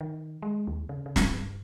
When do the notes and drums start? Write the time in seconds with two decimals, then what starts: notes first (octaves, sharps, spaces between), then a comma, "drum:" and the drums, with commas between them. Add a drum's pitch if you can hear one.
0.01 D#3
0.42 G#3
0.67 D#2
0.89 C#3
1.06 C#3
1.16 drum: snare
1.34 G2